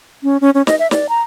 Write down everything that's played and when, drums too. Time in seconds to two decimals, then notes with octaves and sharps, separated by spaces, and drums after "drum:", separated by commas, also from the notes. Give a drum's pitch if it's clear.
0.23 C#4
0.41 C#4
0.55 C#4
0.67 D#5, drum: snare
0.79 E5
0.91 D5, drum: snare
1.09 A#5